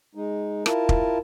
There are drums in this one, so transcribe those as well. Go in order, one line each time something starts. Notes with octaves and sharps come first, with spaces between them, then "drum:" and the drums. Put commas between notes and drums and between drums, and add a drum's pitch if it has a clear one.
G#3 D#4
E4 F4 A#4 A5, drum: rim click
drum: kick